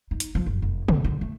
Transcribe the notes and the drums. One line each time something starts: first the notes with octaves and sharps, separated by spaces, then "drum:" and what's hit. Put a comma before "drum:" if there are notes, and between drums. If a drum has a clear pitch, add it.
D#4
drum: hi-hat
F3
F#1
F1
C3, drum: tom C#3
D3
A3